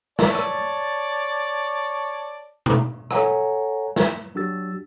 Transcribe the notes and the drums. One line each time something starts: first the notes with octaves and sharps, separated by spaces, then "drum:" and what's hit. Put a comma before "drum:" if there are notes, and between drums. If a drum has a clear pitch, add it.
C#5 D5 A5, drum: snare
drum: rim click
drum: tom B2
A4 C#5 F#5 G#5 A#5, drum: rim click
drum: snare
F#3 D4 F#4 G4 E6 A6